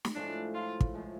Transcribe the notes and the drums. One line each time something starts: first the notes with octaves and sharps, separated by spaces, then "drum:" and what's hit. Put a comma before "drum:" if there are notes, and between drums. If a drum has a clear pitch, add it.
drum: snare
A2 F3 G#3 D4
F4
drum: kick
A2 F3 G#3